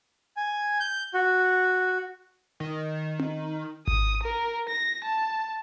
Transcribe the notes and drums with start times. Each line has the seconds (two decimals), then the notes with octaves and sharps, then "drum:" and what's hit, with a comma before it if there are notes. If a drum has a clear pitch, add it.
0.37 G#5
0.80 G6
1.14 F#4
2.60 D#3
3.19 drum: tom C4
3.87 D#6, drum: kick G#1
4.23 A#4
4.69 A#6
5.04 A5